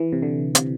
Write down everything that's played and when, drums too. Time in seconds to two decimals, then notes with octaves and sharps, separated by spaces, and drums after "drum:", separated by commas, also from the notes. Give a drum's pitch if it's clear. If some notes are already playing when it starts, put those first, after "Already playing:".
Already playing: E3
0.12 C3
0.22 D3
0.55 C3, drum: hi-hat